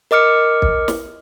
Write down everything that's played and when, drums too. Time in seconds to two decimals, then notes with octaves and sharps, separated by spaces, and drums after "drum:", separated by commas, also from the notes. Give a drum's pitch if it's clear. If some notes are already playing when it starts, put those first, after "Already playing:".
0.11 A#4 D#5 D6 F6 C#7
0.62 drum: kick B1
0.88 drum: snare